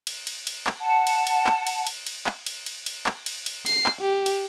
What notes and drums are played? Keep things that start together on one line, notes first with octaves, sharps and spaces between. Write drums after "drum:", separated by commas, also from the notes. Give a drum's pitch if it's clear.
drum: cymbal
drum: cymbal
drum: cymbal
drum: clap
F#5 A5
drum: cymbal
drum: cymbal
drum: clap
drum: cymbal
drum: cymbal
drum: cymbal
drum: clap
drum: cymbal
drum: cymbal
drum: cymbal
drum: clap
drum: cymbal
drum: cymbal
C7, drum: cymbal
drum: clap
G4
drum: cymbal